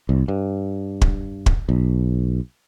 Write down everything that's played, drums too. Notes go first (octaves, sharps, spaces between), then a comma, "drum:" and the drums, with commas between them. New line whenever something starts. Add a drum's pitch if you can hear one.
C2
G2
drum: kick
drum: kick
B1